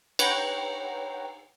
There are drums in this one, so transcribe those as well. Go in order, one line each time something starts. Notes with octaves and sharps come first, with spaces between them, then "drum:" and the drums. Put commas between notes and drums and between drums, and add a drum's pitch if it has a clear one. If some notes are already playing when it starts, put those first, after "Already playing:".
B4 C#5 F#5 G5 A#5, drum: cymbal